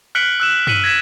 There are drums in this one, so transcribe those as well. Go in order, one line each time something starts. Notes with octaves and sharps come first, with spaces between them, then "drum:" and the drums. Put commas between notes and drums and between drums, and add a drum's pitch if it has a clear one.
F6 F#6 B6 C#7 D7 F#7
E6 F#6 E7
F6 B6 C#7 D#7 F#7, drum: tom
G#6 A#6 B6 E7